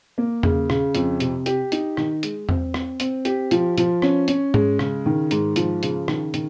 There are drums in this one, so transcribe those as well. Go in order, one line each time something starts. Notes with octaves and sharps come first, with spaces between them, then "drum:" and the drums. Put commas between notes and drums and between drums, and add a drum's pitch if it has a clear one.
A#3
C#3, drum: tom E2
C#3, drum: rim click
F2, drum: hi-hat
C3, drum: hi-hat
G4, drum: hi-hat
D#4, drum: hi-hat
D#3, drum: rim click
G#3, drum: hi-hat
C4, drum: tom E2
C4, drum: rim click
C4, drum: hi-hat
G4, drum: hi-hat
F3, drum: hi-hat
F3, drum: hi-hat
C#4, drum: rim click
C#4, drum: hi-hat
G#3, drum: tom G#2
C#3, drum: rim click
D#3
G#2, drum: hi-hat
F3, drum: hi-hat
C#3, drum: hi-hat
D#3, drum: rim click
D#3, drum: hi-hat